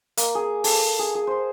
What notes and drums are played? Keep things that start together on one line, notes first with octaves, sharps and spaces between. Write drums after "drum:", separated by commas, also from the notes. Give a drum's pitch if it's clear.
A#3, drum: hi-hat
G#4
A4, drum: open hi-hat
G#4
G#4
C5